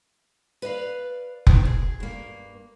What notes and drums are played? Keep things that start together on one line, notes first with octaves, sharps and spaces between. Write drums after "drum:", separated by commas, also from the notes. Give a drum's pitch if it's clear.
B4 D5 D#5 F5
G#2 B2 D#3 E4, drum: kick F1
G#4
G2 A#3